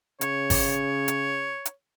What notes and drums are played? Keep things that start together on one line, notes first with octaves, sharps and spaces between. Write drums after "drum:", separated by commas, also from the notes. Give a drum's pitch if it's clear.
C#3 C#5, drum: hi-hat
drum: kick G#1, open hi-hat
drum: hi-hat
drum: hi-hat